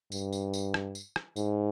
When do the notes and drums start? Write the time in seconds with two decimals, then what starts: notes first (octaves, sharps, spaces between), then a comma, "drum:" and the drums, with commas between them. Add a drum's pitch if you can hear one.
0.12 G2, drum: tambourine
0.33 drum: tambourine
0.53 drum: tambourine
0.74 drum: rim click
0.95 drum: tambourine
1.16 drum: rim click
1.36 G#2, drum: tambourine